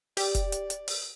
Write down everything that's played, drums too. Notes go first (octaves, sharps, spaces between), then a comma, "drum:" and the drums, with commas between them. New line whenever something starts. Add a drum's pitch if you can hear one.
G4 D5, drum: open hi-hat
drum: kick, hi-hat
drum: hi-hat
drum: hi-hat
drum: open hi-hat